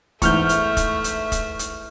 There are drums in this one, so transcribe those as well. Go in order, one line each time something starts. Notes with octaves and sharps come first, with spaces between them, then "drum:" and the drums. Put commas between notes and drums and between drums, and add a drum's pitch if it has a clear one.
E2 G#2 A3 E5 C#6 F6 G6, drum: kick, hi-hat
drum: hi-hat
drum: kick, hi-hat
drum: hi-hat
drum: kick, hi-hat
drum: hi-hat